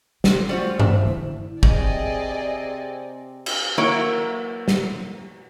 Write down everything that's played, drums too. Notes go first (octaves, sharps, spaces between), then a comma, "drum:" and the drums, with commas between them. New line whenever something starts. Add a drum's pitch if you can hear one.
A3 B3 C4, drum: snare
G3 F4 F#4 C5
E5, drum: tom G2
D3 E4
C3 C4 G#4 D5 D#5, drum: kick
drum: cymbal
F#3 A#3 E4 C#5
drum: snare